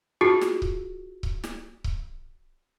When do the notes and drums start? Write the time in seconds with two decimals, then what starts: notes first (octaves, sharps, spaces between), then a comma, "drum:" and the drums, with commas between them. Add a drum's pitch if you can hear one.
0.21 D#4 F4 F#4 G#4
0.41 drum: snare
0.62 drum: kick C#1
1.23 drum: kick C#1
1.44 drum: snare
1.84 drum: kick C#1